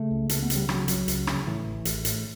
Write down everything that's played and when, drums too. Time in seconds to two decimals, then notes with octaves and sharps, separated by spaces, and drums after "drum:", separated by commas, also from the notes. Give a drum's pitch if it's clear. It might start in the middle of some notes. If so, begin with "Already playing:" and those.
Already playing: C#3 A3
0.11 C#2
0.29 C#2 A3, drum: hi-hat
0.43 B3
0.50 C#3, drum: hi-hat
0.56 G3
0.69 C#3 F#3, drum: rim click
0.88 C#2 F#3, drum: hi-hat
1.08 C#2, drum: hi-hat
1.27 C#3, drum: rim click
1.46 A2 E3
1.66 A1
1.85 A1, drum: hi-hat
2.05 A2, drum: hi-hat